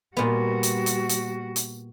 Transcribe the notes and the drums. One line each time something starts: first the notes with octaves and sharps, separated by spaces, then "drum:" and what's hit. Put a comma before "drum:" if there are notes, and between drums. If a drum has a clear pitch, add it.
A#2 G3 B3 F#4
drum: hi-hat
drum: hi-hat
drum: hi-hat
drum: hi-hat